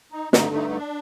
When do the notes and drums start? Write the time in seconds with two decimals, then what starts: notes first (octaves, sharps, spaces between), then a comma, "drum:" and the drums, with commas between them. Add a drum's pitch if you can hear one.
0.12 D#4
0.33 G2 D3 A3 D#4, drum: snare
0.54 D#4
0.70 D#4
0.76 D4